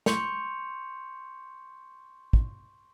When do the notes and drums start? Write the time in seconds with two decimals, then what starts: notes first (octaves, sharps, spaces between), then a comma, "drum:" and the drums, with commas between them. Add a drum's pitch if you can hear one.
0.06 C6 C#6 G6 C#7 F7, drum: snare
2.33 drum: kick